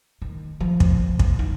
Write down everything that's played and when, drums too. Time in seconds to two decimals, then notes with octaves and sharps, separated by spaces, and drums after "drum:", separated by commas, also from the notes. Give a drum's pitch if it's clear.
0.22 D#3
0.60 F3
0.80 drum: kick
1.19 drum: kick
1.39 D#4